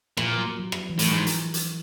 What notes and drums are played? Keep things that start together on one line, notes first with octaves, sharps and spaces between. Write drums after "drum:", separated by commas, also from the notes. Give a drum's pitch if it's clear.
A#2 F3, drum: rim click
F#3
F#3
drum: rim click
E3
A2 F3, drum: hi-hat
G#2
drum: hi-hat
drum: hi-hat